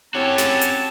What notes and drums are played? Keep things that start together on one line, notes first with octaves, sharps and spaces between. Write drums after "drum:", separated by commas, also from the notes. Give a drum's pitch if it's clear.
C4 C#4 E4 F#4 G4 C#5 A5
drum: snare
drum: hi-hat